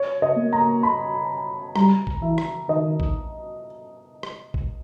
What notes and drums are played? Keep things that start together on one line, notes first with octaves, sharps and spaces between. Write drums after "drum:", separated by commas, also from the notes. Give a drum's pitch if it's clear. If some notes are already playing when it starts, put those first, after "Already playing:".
Already playing: C#5
D#5
A#3
A#5
B5
G3 A#5, drum: rim click
drum: kick
E3 E5
drum: rim click
D#3 D#5
drum: kick
drum: rim click
drum: kick